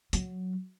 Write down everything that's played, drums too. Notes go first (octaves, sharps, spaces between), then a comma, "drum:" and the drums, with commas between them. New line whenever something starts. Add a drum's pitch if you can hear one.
F#3, drum: hi-hat